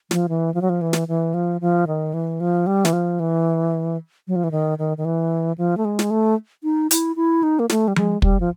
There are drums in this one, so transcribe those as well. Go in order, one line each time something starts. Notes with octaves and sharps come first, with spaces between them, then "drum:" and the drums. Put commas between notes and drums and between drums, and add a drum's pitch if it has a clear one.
F3, drum: snare
E3
F3
F#3
F3
E3
drum: snare
E3
F3
F3
D#3
E3
F3
G3
E3, drum: snare
F3
E3
F#3
F3
E3
D#3
D#3
D#3
E3
F3
A3
G#3
drum: snare
A3
D#4
E4, drum: hi-hat
E4
D#4
A#3
A3, drum: snare
G3
G#3, drum: tom F3
G3, drum: kick
F3